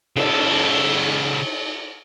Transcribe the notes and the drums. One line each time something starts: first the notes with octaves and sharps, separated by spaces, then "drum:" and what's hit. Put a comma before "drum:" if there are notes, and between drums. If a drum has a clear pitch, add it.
C#3 A4, drum: cymbal